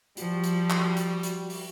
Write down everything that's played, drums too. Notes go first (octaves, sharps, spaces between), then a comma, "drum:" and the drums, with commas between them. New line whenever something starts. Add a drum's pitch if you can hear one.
F3 G3 F#4, drum: hi-hat
drum: hi-hat
drum: clap
drum: hi-hat
drum: hi-hat
drum: open hi-hat